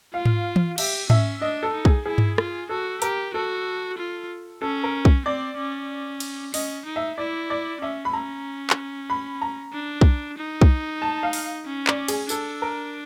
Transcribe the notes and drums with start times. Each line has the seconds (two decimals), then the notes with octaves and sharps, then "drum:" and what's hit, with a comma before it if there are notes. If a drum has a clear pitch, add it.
0.14 F4 F5
0.25 drum: tom G#2
0.56 drum: tom E3
0.78 G4 E5, drum: cymbal
1.10 C#4 E5, drum: tom G#2
1.41 D4 D#5
1.63 A4
1.74 D#4
1.85 G#4, drum: kick B1
2.06 E4 G#4
2.18 drum: tom G2
2.38 F4, drum: rim click
2.69 F#4 A4
3.02 G4 A#4, drum: hi-hat
3.34 F#4 A4
3.98 F4
4.62 C#4 A4
4.84 A#4
5.05 drum: kick B1
5.26 C4 D5
5.57 C#4
6.20 drum: cymbal
6.54 C#4 D#5, drum: open hi-hat
6.86 D#4
6.96 E5
7.18 E4 D5
7.50 D5
7.81 C#4 E5
8.05 B5
8.13 C#4 A#5
8.70 drum: clap
9.10 B5
9.42 A#5
9.73 D4
10.01 drum: kick B1
10.38 D#4
10.61 drum: kick B1
11.02 A5
11.23 F5
11.33 drum: open hi-hat
11.66 C#4
11.87 D5, drum: clap
12.08 G#4, drum: cymbal
12.29 D4 A4, drum: tambourine
12.62 A#4